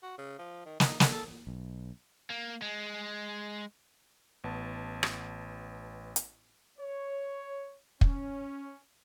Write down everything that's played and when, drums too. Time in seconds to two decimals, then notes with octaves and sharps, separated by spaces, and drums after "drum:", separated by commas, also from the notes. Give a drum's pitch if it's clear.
0.03 F#4
0.18 C#3
0.38 F3
0.66 D#3
0.80 D#4, drum: snare
1.00 D3, drum: snare
1.12 A4
1.47 B1
2.30 A#3
2.62 G#3
4.44 A1 B3 A5
5.03 drum: rim click
6.16 drum: hi-hat
6.79 C#5
8.01 C#4, drum: kick